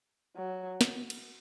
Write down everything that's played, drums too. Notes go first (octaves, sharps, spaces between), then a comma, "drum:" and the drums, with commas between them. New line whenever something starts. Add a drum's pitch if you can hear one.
F#3
drum: snare
drum: cymbal